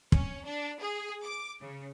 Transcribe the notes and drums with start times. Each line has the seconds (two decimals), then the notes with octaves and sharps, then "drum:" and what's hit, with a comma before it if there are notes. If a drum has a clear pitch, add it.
0.12 C#4, drum: kick
0.45 D4
0.80 G#4
1.22 D6
1.61 C#3